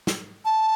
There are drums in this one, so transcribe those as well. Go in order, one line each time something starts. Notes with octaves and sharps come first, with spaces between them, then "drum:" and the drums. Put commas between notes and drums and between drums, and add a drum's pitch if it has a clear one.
drum: snare
A5